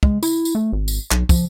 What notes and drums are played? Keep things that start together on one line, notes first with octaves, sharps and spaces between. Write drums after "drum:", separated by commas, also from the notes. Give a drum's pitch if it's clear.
G#3, drum: kick
E4, drum: tambourine
drum: tambourine
A3
G#1
drum: tambourine
B1, drum: clap
F3, drum: kick, tambourine